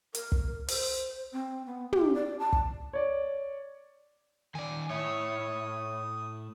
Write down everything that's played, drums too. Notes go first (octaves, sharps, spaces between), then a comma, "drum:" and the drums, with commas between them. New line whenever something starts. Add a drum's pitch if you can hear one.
A#4, drum: hi-hat
drum: kick
C5, drum: open hi-hat
C4
B3
G4, drum: tom
D5
A5
drum: kick
C#5 D5
D#3 D5 G#5
A2 C#5 E5 D#6